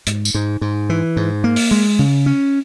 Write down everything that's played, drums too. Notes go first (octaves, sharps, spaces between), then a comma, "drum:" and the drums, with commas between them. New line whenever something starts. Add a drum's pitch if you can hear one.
G#2, drum: hi-hat
drum: tambourine
G#2
G#2
E3
G#2
A#3
drum: open hi-hat
G#3
C#3
C#4